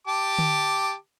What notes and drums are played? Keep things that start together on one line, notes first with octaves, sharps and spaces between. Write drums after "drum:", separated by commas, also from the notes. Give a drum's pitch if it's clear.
G4 A5 D6
drum: tom D3